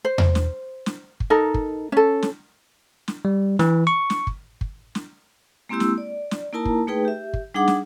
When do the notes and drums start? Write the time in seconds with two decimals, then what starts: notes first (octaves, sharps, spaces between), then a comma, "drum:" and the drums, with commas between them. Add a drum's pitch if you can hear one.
0.05 C5
0.18 drum: tom E2
0.35 drum: snare
0.86 drum: snare
1.20 drum: kick
1.30 D#4 A4 A#4
1.54 drum: kick
1.92 C#4 A4
2.22 drum: snare
3.08 drum: snare
3.25 G3
3.59 E3, drum: snare
3.87 C#6
4.10 drum: snare
4.27 drum: kick
4.61 drum: kick
4.95 drum: snare
5.69 G#3 A#3 C4 E4 G4 E6
5.80 drum: snare
5.98 D5
6.31 drum: snare
6.53 A#3 D#4 E4 A#4 A5 A#5
6.65 drum: kick
6.87 A3 D#4 G#4 B4 G5
7.05 G4 E5
7.33 drum: kick
7.54 G3 D4 D#4 G#4 F#5 D6
7.68 drum: snare